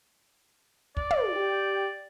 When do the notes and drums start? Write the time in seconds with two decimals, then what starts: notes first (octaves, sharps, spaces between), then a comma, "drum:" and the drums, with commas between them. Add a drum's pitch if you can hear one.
0.97 D5, drum: kick
1.11 drum: tom
1.34 G4 G5